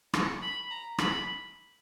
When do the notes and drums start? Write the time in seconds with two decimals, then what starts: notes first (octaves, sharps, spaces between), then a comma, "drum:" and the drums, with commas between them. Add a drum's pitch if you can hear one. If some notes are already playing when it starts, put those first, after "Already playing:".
0.14 C#6, drum: rim click
0.42 B5
0.70 A#5
0.98 B5, drum: rim click